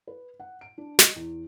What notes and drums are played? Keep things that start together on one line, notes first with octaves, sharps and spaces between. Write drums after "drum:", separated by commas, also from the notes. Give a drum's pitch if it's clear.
B4
F#5
D7
D4
D#5, drum: snare
E2